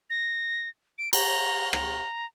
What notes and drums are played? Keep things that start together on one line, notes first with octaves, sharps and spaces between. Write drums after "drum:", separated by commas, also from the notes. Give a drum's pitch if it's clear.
A#6
D7
A#5, drum: cymbal
A#5, drum: rim click